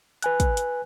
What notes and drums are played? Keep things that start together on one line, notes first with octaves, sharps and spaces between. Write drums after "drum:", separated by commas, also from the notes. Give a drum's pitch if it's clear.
B4 G#5 F#6, drum: hi-hat
drum: kick, hi-hat
drum: hi-hat